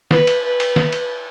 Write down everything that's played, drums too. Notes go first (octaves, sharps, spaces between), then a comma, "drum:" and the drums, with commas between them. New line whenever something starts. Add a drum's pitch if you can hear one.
B4, drum: snare
drum: cymbal
B4
drum: cymbal
drum: snare
drum: cymbal